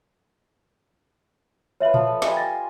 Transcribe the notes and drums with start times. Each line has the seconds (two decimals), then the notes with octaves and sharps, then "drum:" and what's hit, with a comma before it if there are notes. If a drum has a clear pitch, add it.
1.80 F4 B4 C#5 E5 F#7
1.94 F3 F4, drum: tom A#2
2.07 A4
2.22 G3 D#5 E5 G#5 C6, drum: snare
2.37 A6 A#6